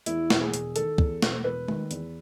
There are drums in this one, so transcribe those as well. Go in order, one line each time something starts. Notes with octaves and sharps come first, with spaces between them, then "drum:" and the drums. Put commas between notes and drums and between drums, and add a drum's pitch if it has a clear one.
E2 E4, drum: hi-hat
E1, drum: snare
G#4
E1, drum: hi-hat
D#3 A4, drum: hi-hat
E2, drum: kick
E1, drum: snare
E1 B4
D#3, drum: tom G#3
E2, drum: hi-hat